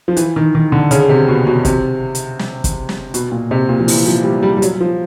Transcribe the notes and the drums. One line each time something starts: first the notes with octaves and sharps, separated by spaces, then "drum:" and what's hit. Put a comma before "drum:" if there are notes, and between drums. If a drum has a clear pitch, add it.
F3
E3, drum: hi-hat
D#3
D#3
D3
C#3, drum: hi-hat
C3
B2
B2
C3, drum: kick, hi-hat
drum: hi-hat
drum: snare
drum: kick, hi-hat
drum: snare
B2, drum: hi-hat
A#2
C3
A#2
F3
E3, drum: open hi-hat
F3
G3
G3
G3
F#3, drum: hi-hat
F3